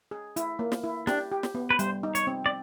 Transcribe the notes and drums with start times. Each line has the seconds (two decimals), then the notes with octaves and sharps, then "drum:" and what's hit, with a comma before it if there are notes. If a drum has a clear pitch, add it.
0.11 G#4
0.36 E4, drum: hi-hat
0.59 A#3
0.72 drum: snare
0.84 E4
1.07 D4 G4, drum: snare
1.32 G4
1.43 drum: snare
1.55 B3
1.70 B4
1.79 G3 C5, drum: hi-hat
2.03 D#4
2.15 C#5, drum: hi-hat
2.27 C4
2.46 D5